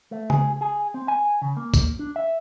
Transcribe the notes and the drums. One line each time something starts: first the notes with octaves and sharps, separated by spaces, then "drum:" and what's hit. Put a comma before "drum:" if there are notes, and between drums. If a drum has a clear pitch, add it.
A3
G#4, drum: tom C#3
G#4
C4
G#5
C#3
A#3
drum: kick, tambourine
D4
E5